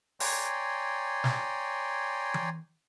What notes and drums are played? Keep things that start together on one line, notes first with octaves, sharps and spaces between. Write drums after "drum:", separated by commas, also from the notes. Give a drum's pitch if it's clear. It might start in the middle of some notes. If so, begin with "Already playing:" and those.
C#5 D5 G5 G#5 A#5 C6, drum: open hi-hat
drum: snare
drum: tom E3